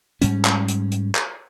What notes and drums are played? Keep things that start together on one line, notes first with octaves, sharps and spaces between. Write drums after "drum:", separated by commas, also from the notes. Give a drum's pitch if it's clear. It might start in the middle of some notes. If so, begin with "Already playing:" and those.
G#2 G3 C#4, drum: hi-hat
drum: clap
drum: hi-hat
drum: hi-hat
drum: clap